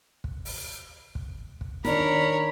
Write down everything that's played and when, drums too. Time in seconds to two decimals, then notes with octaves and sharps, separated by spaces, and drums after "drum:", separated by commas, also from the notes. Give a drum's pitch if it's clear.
0.24 drum: kick
0.45 drum: open hi-hat
1.15 drum: kick
1.61 drum: kick
1.84 D#3 D4 A#4 C#5 B5, drum: snare